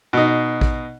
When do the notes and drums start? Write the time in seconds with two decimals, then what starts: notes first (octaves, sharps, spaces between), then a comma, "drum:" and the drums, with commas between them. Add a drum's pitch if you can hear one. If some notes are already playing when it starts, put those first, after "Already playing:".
0.13 B2 D#4
0.61 drum: kick A#1